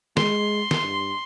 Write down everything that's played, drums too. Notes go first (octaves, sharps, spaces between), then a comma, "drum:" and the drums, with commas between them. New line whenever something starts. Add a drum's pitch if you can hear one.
G#3 C6, drum: snare
drum: snare
G2